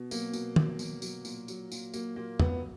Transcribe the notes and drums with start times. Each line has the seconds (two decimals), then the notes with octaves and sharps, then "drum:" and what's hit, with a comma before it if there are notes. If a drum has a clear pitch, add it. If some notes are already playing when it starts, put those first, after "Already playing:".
Already playing: B2
0.11 F#3 A#3, drum: tambourine
0.33 B2, drum: tambourine
0.56 F#3, drum: tom
0.79 B2, drum: tambourine
1.02 F#3, drum: tambourine
1.25 A#2, drum: tambourine
1.48 F#3, drum: tambourine
1.72 A#2, drum: tambourine
1.94 F#3 A#3, drum: tambourine
2.16 A#2 A#3
2.40 F#3 B3, drum: tom